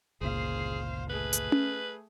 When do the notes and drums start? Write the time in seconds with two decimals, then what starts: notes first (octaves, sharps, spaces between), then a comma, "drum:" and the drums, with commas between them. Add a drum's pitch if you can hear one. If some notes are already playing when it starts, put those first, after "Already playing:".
0.21 G1 C#2 A#2 G#4 C5 F5
1.10 A3 G#4 B4
1.33 drum: hi-hat
1.52 drum: tom C#4